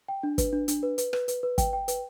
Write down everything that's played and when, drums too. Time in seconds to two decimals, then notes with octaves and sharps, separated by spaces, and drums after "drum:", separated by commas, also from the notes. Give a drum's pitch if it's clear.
0.08 G5
0.23 D4
0.38 B4, drum: kick, hi-hat
0.53 D4
0.68 D4, drum: hi-hat
0.83 B4
0.98 B4, drum: hi-hat
1.13 B4, drum: rim click
1.28 B4, drum: hi-hat
1.43 B4
1.58 G5, drum: kick, hi-hat
1.73 G5
1.88 B4, drum: hi-hat